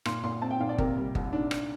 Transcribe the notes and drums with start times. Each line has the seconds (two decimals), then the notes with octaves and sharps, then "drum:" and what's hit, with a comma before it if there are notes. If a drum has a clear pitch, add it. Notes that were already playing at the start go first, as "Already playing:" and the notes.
0.05 A#2 C6, drum: rim click
0.23 A#2 C6
0.42 C4 A5
0.51 G5
0.60 A#2 F5
0.69 D5
0.78 C3 A#4, drum: kick G1
0.97 G3
1.15 C2, drum: kick G1
1.33 D4
1.51 drum: rim click